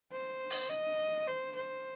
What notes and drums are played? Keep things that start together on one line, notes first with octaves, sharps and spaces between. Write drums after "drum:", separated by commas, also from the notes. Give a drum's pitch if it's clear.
C5
drum: open hi-hat
D#5
C5
C5